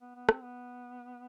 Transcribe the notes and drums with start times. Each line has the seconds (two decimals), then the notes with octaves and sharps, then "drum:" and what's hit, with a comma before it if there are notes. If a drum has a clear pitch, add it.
0.01 B3
0.15 B3
0.29 C4, drum: rim click
0.42 B3